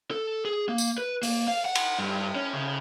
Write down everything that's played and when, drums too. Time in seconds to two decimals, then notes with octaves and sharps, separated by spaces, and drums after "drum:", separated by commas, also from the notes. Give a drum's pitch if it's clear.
0.11 A4
0.45 G#4
0.69 A#3
0.78 drum: tambourine
0.98 B4
1.23 A#3, drum: open hi-hat
1.48 F5
1.66 F#5
1.75 drum: cymbal
1.99 G2
2.35 C#4
2.53 C#3